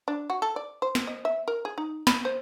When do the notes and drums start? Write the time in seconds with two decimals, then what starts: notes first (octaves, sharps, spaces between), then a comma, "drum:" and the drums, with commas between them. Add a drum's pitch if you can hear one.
0.08 D4
0.30 F#4
0.42 A4
0.56 D5
0.82 C5
0.95 drum: snare
1.07 D#5
1.25 E5
1.48 A#4
1.65 G#4
1.78 D#4
2.07 B5, drum: snare
2.25 C5